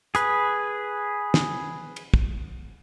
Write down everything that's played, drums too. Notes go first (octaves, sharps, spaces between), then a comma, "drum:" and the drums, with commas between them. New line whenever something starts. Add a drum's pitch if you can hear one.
G#4 B4, drum: hi-hat
drum: snare
drum: cymbal
drum: kick